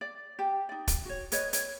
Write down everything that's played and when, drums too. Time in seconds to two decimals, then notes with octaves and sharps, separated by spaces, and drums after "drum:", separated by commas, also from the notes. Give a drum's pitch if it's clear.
0.01 D5
0.39 G4
0.69 D#4 D5
0.88 drum: kick, hi-hat
1.05 F#4 C#5
1.32 A#4 B4 C#5 D#5, drum: hi-hat
1.53 C#5, drum: hi-hat